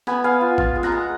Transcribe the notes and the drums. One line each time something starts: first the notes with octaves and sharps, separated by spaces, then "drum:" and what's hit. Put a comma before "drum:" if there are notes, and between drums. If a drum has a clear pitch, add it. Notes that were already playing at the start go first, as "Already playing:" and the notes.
B3 G#5 B5, drum: snare
B3 F5 G#5
F4
F4, drum: kick
G#3
F#5 A#5, drum: snare
G#3